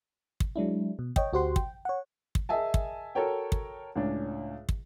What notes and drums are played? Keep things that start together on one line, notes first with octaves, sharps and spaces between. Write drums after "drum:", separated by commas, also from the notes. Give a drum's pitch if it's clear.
drum: kick
F#3 G#3 D4 E4
B2
C#5 D#5 G5, drum: kick
D2 F#4 G4 C5 F#5 C6
G5, drum: kick
C#5 F#5
drum: kick
G#4 A#4 D#5 E5 G#5 A5
drum: kick
F#4 A4 A#4 C#5 G5
drum: kick
C#2 A2 C#4 D4
drum: kick